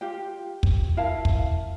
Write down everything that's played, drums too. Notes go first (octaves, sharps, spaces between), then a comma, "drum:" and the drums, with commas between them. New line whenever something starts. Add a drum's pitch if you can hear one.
F4 G4 G5
drum: kick
E4 A#4 F5 A5
drum: kick